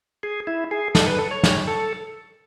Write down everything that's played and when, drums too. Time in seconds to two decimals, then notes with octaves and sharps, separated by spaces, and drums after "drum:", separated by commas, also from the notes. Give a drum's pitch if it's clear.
0.23 G#4
0.47 E4
0.71 G#4
0.95 A4, drum: snare
1.07 B4
1.19 A4
1.31 C#5
1.44 drum: snare
1.67 A4